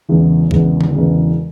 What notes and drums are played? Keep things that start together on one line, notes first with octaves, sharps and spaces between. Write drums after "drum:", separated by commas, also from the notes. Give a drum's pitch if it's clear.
E1 E2 C#3 E3 B3
E1 E2 C#3 E3 B3, drum: kick B1
drum: tom D3
E1 E2 C#3 E3 B3